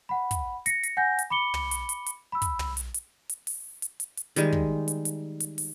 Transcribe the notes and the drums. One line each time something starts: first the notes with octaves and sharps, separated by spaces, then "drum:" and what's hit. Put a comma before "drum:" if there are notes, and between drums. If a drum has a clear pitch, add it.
F#5 B5
drum: kick, hi-hat
A#6 C#7, drum: hi-hat
drum: hi-hat
F#5 G#5 G6 A#6
drum: hi-hat
B5 D6 C#7 G7
drum: tom
drum: hi-hat
drum: hi-hat
drum: hi-hat
B5 E6
drum: kick, hi-hat
drum: tom
drum: hi-hat
drum: hi-hat
drum: hi-hat
drum: open hi-hat
drum: hi-hat
drum: hi-hat
drum: hi-hat
D#3 G3 G#3, drum: hi-hat
drum: kick
drum: hi-hat
drum: hi-hat
drum: hi-hat
drum: open hi-hat